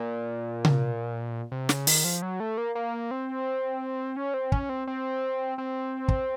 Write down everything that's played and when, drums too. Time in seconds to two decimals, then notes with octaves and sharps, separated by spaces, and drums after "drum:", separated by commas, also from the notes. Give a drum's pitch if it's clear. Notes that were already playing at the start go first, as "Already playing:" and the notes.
Already playing: A#2
0.65 drum: tom C3
1.52 C3
1.69 C#3, drum: snare
1.87 D#3, drum: open hi-hat
2.04 F3
2.22 F#3
2.40 A3
2.58 A#3
2.75 A#3
3.11 C4
4.17 C#4
4.34 C4
4.52 C#4, drum: kick
4.69 C4
4.87 C4
5.58 C4
6.08 drum: kick